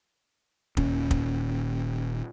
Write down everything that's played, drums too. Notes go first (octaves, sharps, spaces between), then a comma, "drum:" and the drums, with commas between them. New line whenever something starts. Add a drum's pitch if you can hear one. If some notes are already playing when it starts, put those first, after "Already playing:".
D#1 D#2 A#2 C#4, drum: kick
drum: kick